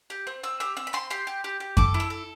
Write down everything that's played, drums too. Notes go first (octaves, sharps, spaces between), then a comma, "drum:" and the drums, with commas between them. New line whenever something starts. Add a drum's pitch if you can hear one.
G4
C4
C4 E6
G4 E6
C4 E6
B5
C4 C6
G4 C6
G4
G4
G4
A4 D6, drum: kick F#2
E4
E6
A4